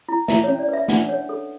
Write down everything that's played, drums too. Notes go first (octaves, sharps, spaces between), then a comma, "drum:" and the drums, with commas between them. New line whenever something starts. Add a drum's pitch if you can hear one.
E4
E4 E5, drum: snare
C#5
C#4
D5
B4 E5
D4 F#5, drum: snare
C#5
A4